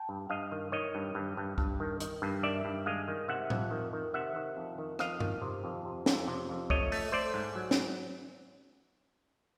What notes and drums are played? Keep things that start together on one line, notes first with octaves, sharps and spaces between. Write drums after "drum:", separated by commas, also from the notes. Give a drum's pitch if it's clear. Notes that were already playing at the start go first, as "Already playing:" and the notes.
Already playing: G5 A5
G2
G2 D#5 F5
D#3
D#3 C#5 D#5
G2
G2
G2
G2, drum: kick
D#3
D#3, drum: hi-hat
G2
D#3 D5 E5
G2
G#3 D#5 F5
D#3
C3 E5 F#5
F2, drum: tom A2
D#3
D#3
C3 E5 F#5
D#3
F2
D#3
F2 D#5 F5, drum: rim click
D#3, drum: tom G2
C3
F2
C3
F2, drum: snare
C3
F2
A3 C#5 D#5, drum: kick
A3, drum: open hi-hat
A3 C5 D5
G#2
F#3
drum: snare